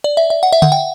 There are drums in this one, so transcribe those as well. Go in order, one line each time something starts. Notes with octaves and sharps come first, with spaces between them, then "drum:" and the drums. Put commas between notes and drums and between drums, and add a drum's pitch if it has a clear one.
D5
E5
E5
F#5
E5
F#5, drum: tom D3
G5